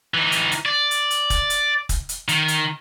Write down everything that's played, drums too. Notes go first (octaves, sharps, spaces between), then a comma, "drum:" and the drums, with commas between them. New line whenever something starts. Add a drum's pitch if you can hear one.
E3 D#4
drum: hi-hat
drum: hi-hat
D5
drum: hi-hat
drum: hi-hat
drum: kick, hi-hat
drum: hi-hat
drum: kick, hi-hat
drum: hi-hat
D#3, drum: hi-hat
drum: hi-hat